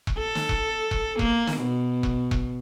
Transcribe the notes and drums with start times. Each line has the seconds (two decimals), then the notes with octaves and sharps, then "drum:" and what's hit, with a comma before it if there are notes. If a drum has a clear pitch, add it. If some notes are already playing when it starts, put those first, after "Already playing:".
0.07 drum: kick E1
0.18 A4
0.35 drum: snare
0.49 drum: kick E1
0.91 drum: kick E1
1.19 A#3, drum: kick E1
1.47 drum: snare
1.57 B2
2.03 drum: kick E1
2.31 drum: kick E1